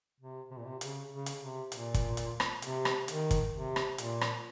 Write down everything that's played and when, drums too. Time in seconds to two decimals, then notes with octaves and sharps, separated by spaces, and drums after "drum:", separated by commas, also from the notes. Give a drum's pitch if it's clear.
0.20 C3
0.51 C3
0.58 A#2
0.65 C3
0.81 C#3, drum: hi-hat
1.11 C#3
1.26 drum: hi-hat
1.41 C3
1.72 A#2, drum: hi-hat
1.94 drum: kick, hi-hat
2.17 drum: hi-hat
2.40 drum: rim click
2.62 C3, drum: hi-hat
2.85 drum: rim click
3.08 D#3, drum: hi-hat
3.31 drum: kick, hi-hat
3.53 C3
3.76 drum: rim click
3.98 A#2, drum: hi-hat
4.21 drum: rim click